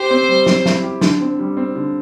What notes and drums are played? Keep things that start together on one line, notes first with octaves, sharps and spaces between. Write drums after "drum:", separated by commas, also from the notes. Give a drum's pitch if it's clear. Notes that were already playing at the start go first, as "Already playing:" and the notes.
Already playing: G4 C5
C4
G3
C4, drum: snare
E4, drum: snare
G4
D3, drum: snare
C4
G3
C4
D3